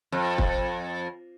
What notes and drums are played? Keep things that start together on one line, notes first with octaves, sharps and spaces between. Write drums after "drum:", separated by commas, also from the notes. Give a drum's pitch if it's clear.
F2
drum: kick